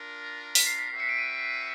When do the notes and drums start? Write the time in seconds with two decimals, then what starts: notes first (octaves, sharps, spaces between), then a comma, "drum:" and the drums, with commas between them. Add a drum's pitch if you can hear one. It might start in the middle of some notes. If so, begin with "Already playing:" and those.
Already playing: D4 F4 A#4
0.55 B6, drum: open hi-hat
0.66 C7
0.79 B6
0.91 C#4 F#4 B4 E5 G5
1.00 C#7
1.09 D7
1.18 D#7